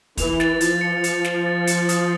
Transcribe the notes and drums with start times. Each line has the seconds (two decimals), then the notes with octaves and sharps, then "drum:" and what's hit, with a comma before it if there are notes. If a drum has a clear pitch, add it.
0.17 E3 F7, drum: kick, hi-hat
0.40 A6, drum: snare
0.61 F3 A6, drum: hi-hat
0.81 C#7
1.04 C#7, drum: hi-hat
1.24 C#7, drum: snare
1.46 A6
1.67 C#7, drum: hi-hat
1.89 D#6, drum: hi-hat